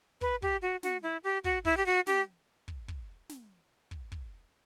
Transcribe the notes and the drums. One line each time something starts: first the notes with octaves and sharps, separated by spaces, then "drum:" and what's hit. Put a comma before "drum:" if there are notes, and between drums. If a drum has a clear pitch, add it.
B4, drum: kick
G4, drum: kick
F#4
F#4, drum: snare
E4
G4
F#4, drum: kick
E4, drum: kick
G4
F#4
G4, drum: snare
drum: kick
drum: kick
drum: snare
drum: kick
drum: kick